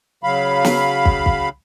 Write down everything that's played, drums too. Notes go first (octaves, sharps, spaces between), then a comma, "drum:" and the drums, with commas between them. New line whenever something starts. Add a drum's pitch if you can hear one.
C#3 F#3 F5 B5
drum: snare
drum: kick
drum: kick